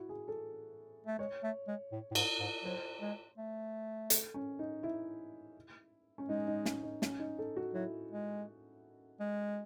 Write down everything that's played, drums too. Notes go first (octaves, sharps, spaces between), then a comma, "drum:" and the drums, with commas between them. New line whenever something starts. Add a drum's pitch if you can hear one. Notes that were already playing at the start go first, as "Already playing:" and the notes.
Already playing: E4 F#4
G#4
A4
A3
G#3 C#5
A3
G#3
A2
A2
G#2, drum: cymbal
G#2
F#3 C5
G#3
A3
A4, drum: hi-hat
C#4
D#4
E4
C#4
G#3 D#4
D#4
C#4, drum: snare
D#4
C#4, drum: snare
D#4
A4
F#4
F#3 E4
G#3
G#3